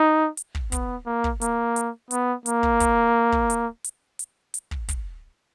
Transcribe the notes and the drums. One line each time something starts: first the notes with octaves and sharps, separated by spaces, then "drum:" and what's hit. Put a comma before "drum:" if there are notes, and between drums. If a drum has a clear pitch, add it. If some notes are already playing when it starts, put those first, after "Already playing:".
Already playing: D#4
drum: hi-hat
drum: kick
B3, drum: kick, hi-hat
A#3
drum: kick
A#3, drum: hi-hat
drum: hi-hat
B3, drum: hi-hat
A#3, drum: hi-hat
drum: kick
drum: kick, hi-hat
drum: kick
drum: hi-hat
drum: hi-hat
drum: hi-hat
drum: hi-hat
drum: kick
drum: kick, hi-hat